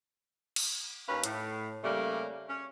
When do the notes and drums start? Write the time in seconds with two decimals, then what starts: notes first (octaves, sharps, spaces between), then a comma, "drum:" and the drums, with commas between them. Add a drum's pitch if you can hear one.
0.56 drum: cymbal
1.08 D#2 C#4 B4 F5
1.24 A2, drum: hi-hat
1.84 C#3 G3 A3 A#3
2.49 C#4